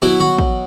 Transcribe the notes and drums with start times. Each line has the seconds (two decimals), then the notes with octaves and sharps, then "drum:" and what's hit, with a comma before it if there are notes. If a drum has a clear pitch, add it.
0.02 B2 F#3 E4
0.20 F#4
0.38 drum: kick